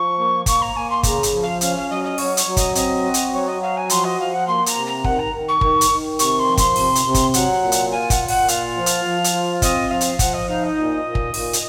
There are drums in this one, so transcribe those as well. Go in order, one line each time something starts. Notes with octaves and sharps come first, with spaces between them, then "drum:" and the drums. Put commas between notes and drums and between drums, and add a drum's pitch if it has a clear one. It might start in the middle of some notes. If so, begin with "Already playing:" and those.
Already playing: F3 C#6
A#3
A#3 C#6, drum: kick, hi-hat
A#5
A#3 G#5
C6
C#3 A#5, drum: kick, hi-hat
drum: hi-hat
F3
F5
C#4 F5, drum: hi-hat
F5
F#3 D#5
D#5
F#3 C#5, drum: open hi-hat
C#5, drum: hi-hat
F#3
D#5, drum: kick, hi-hat
C4 D#5, drum: hi-hat
F#4
drum: hi-hat
F#3 C#5
D#5
F#4 F5
G#5
F3 C6, drum: hi-hat
D#5
F3 F5
F#5
A#3 C6
A#5, drum: hi-hat
C3
A#5
D#3 F#5, drum: kick
A#5
D#3
C#6
D#3, drum: kick
drum: hi-hat
D#3
C3 C#6, drum: hi-hat
C6
F3
C6, drum: kick, hi-hat
C3, drum: open hi-hat
drum: hi-hat
C3
drum: kick, hi-hat
F#3 F#5, drum: hi-hat
A#2
drum: hi-hat
F4 G#5
F#5, drum: kick, hi-hat
A#2
F#5, drum: open hi-hat
F4 F5, drum: hi-hat
F3
drum: hi-hat
F3
drum: hi-hat
F4
C4 D#5, drum: kick, hi-hat
F3 F5
drum: hi-hat
F3 F#5, drum: kick, hi-hat
D#5
D#4 F5
D#5
A#2
A#2
drum: kick
A#2, drum: open hi-hat
drum: hi-hat